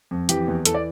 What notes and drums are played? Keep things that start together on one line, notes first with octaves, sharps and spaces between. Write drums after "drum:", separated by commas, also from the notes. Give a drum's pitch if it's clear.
F2
E3 G4, drum: hi-hat
E2
E3 A4, drum: hi-hat
D5